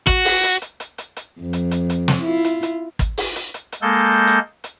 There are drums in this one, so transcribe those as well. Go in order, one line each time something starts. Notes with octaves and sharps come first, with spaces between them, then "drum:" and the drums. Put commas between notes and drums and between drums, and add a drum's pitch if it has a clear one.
F#4, drum: kick, hi-hat
drum: open hi-hat
drum: hi-hat
drum: hi-hat
drum: hi-hat
drum: hi-hat
drum: hi-hat
F2
drum: hi-hat
drum: hi-hat
drum: hi-hat
drum: snare
E4 F4
drum: hi-hat
drum: hi-hat
drum: kick, hi-hat
drum: open hi-hat
drum: hi-hat
drum: hi-hat
drum: hi-hat
G#3 A#3 A4 G6
drum: hi-hat
drum: hi-hat